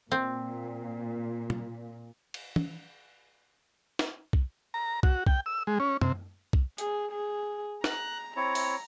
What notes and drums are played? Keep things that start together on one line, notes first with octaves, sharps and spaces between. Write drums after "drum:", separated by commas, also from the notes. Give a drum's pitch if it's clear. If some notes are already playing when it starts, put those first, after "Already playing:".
A#2 C4
drum: tom
drum: cymbal
drum: tom
drum: snare
drum: kick
A#5
F#4, drum: kick
G5, drum: kick
E6
G#3
C#4
C3, drum: tom F#2
drum: kick
G#4, drum: hi-hat
G#4
A#5 F#6, drum: snare
C4 E4 C#5 A#5
drum: open hi-hat